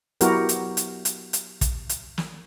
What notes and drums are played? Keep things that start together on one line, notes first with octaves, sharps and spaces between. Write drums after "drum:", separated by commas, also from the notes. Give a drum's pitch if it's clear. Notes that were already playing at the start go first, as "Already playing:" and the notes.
F#3 B3 E4 F#4 G4 A#4, drum: hi-hat
drum: hi-hat
drum: hi-hat
drum: hi-hat
drum: hi-hat
drum: kick, hi-hat
drum: hi-hat
drum: snare